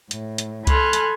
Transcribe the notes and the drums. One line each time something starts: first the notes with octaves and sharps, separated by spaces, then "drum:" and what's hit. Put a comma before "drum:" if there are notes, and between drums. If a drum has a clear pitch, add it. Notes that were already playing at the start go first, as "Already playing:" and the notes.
A2, drum: hi-hat
drum: hi-hat
A4 G#5 B5 C6 F6 F#6, drum: kick C2, hi-hat
drum: hi-hat